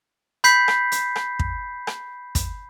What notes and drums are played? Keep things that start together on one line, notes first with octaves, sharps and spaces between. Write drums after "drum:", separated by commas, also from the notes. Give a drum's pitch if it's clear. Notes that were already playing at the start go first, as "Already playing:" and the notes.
B5 G6 B6 C7, drum: hi-hat
drum: rim click
drum: hi-hat
drum: rim click
drum: kick
drum: rim click
drum: kick, hi-hat